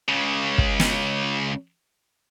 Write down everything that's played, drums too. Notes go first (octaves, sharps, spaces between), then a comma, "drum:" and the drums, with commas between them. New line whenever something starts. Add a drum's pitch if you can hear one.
C#2 C#3
drum: kick
drum: snare